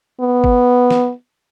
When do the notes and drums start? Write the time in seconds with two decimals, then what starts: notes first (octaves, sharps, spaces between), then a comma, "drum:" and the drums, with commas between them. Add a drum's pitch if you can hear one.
0.20 B3
0.44 drum: kick
0.91 drum: snare